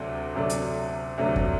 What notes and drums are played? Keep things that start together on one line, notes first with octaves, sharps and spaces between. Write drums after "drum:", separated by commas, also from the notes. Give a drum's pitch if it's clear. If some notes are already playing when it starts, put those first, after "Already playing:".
Already playing: D2 C3 F#3 A3 D4
D2 C3 F#3 A3 D4
drum: hi-hat
D2 C3 F#3 A3 D4
drum: kick F2